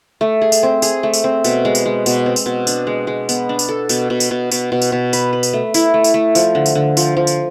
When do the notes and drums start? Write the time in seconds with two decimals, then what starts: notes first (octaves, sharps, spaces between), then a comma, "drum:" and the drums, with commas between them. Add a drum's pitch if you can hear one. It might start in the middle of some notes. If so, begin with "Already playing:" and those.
0.21 A3
0.42 G#4
0.52 drum: tambourine
0.63 C4
0.82 G#4, drum: tambourine
1.03 A3
1.13 drum: tambourine
1.24 C4
1.44 B2, drum: tambourine
1.65 G#3
1.75 drum: tambourine
1.86 G#3
2.06 B2, drum: tambourine
2.26 C4
2.36 drum: tambourine
2.46 B2
2.67 D4, drum: tambourine
2.87 G#3
3.07 G#3
3.29 B3, drum: tambourine
3.49 D4
3.59 drum: tambourine
3.69 A4
3.89 B2, drum: tambourine
4.10 B2
4.20 drum: tambourine
4.31 B2
4.51 B2, drum: tambourine
4.72 B2
4.82 drum: tambourine
4.92 B2
5.13 B4, drum: tambourine
5.33 B4
5.43 drum: tambourine
5.53 A3
5.74 E4, drum: tambourine
5.94 A3
6.04 drum: tambourine
6.14 A3
6.35 F3, drum: tambourine
6.55 D3
6.66 drum: tambourine
6.75 D3
6.97 F3, drum: tambourine
7.17 F3
7.27 drum: tambourine